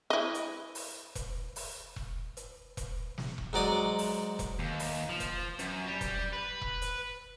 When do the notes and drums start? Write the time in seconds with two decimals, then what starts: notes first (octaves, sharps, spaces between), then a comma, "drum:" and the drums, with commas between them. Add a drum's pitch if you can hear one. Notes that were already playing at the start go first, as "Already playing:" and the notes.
0.10 E4 D#5
0.34 drum: hi-hat
0.75 drum: open hi-hat
1.15 drum: kick E1, hi-hat
1.56 drum: open hi-hat
1.96 drum: kick E1
2.37 drum: hi-hat
2.77 drum: kick E1, hi-hat
3.18 drum: snare
3.38 drum: kick E1
3.53 G#2 F#3 D5 D#6
3.99 drum: open hi-hat
4.39 drum: kick E1, hi-hat
4.59 D#2
4.79 drum: open hi-hat
5.09 F3
5.20 drum: kick E1, hi-hat
5.59 F#2, drum: hi-hat
5.87 G3
6.01 drum: kick E1, hi-hat
6.33 B4
6.61 drum: kick E1
6.82 drum: hi-hat